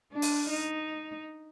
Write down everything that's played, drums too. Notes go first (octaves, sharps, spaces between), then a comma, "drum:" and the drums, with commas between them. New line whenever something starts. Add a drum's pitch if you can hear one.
D4
drum: open hi-hat
D#4